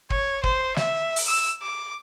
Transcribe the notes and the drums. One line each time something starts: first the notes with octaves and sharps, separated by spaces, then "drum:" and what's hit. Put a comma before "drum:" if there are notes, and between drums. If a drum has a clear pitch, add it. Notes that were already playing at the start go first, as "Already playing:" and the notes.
C#5, drum: kick
C5, drum: kick
E5, drum: snare
drum: open hi-hat
E6
D6